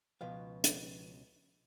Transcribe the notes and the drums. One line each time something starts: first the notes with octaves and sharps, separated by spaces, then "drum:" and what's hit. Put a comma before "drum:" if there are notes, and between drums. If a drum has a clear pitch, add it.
C#2 B2 F3 B4 F5
drum: hi-hat